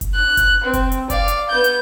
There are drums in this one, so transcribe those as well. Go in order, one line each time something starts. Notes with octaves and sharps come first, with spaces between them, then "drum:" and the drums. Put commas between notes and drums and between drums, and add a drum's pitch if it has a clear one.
drum: kick F#1, hi-hat
F#6
drum: kick F#1, hi-hat
C4
drum: kick F#1, hi-hat
drum: hi-hat
D5 F5, drum: kick F#1, hi-hat
drum: hi-hat
B3 G6
drum: hi-hat